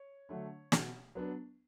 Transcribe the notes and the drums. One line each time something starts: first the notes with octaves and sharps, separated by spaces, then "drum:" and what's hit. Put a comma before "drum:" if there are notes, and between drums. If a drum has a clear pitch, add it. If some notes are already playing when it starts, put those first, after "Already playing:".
Already playing: C#5
D3 F#3 A3 D4
B2, drum: snare
F#3 B3 D4